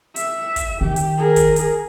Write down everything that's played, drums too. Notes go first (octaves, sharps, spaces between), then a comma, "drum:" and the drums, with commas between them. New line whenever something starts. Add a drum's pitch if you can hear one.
E5, drum: hi-hat
drum: kick, hi-hat
D#3 G4
drum: hi-hat
G#4 A#4
drum: kick, hi-hat
drum: hi-hat